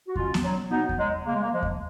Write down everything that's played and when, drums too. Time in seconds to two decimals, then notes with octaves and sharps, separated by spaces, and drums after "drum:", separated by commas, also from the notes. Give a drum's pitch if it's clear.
0.07 F#4
0.16 B2 C#4 F4, drum: kick E2
0.34 drum: snare B3
0.43 F#3
0.70 B2 B3 D#4
0.89 drum: kick E2
0.99 F#3 G#3
1.26 C#3 A#3
1.35 G#3
1.43 A#3
1.53 F3 G#3
1.63 drum: kick E2